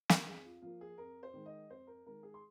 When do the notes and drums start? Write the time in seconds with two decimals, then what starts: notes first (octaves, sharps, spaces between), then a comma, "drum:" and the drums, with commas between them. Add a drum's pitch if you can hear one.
0.09 A#4, drum: snare
0.27 F2 G#4
0.44 F4
0.62 F3 A#3 F4
0.81 G#4
0.98 F2 A#4
1.23 C5
1.34 D#3 G#3
1.46 D#5
1.70 F2 C5
1.87 A#4
2.06 D#3 G#3 A#4
2.23 G#4
2.34 C6